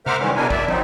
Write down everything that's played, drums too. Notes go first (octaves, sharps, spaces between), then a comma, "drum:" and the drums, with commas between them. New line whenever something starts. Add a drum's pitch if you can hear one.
A#4 C5 E5 F#5 D6 F6, drum: tom C3
D#3 E3 G3 G#3 C#4
E2 B2 D4 E4 A#4 G#5
D5 E5, drum: kick
F#3 C4 D#4, drum: tom